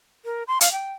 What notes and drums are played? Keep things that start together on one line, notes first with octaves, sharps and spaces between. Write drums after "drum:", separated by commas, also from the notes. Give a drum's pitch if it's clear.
A#4
C6
F5, drum: hi-hat
G5